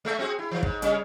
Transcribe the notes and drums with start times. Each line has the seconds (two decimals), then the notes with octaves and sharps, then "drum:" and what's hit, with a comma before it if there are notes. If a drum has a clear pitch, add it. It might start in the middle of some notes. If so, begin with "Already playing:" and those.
0.05 G#3 A3 E5
0.19 C4 F#4 G#4
0.39 E4
0.51 E3 F#3
0.63 G#2, drum: kick
0.82 C#3 G3 C#4, drum: hi-hat